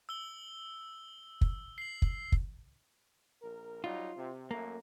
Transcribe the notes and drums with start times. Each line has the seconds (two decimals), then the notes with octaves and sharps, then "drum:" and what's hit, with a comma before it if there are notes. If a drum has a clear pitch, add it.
0.09 E6 G7
1.41 drum: kick
1.78 C7 F#7
2.02 drum: kick
2.32 drum: kick
3.42 A#1 A#4
3.84 F#3 G3 D#4 F4
4.17 C3
4.51 F#2 A3 A#3